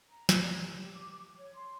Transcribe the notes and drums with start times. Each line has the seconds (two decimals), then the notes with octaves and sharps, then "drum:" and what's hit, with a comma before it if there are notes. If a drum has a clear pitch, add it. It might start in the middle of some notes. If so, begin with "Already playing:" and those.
0.08 A#5
0.29 A#5, drum: snare
0.60 G4
0.80 G4
0.95 D6
1.37 C#5
1.54 C6